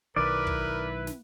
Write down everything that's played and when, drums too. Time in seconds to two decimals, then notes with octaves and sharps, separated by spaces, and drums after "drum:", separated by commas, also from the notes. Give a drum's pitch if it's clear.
0.16 B1 D#3 E4 A#4 B4 D5
0.47 drum: kick
1.07 drum: snare